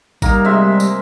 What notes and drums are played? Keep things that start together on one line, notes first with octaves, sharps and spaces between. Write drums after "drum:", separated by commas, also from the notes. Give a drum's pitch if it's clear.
D#3 G3 A#3 A#5, drum: kick, tambourine
C3 G#3 E5
drum: tambourine